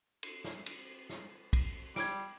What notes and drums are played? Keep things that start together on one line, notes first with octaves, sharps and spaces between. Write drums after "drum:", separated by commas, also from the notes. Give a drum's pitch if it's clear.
drum: cymbal
drum: snare
drum: cymbal
drum: snare
drum: kick, cymbal
G3 G#6 D7, drum: snare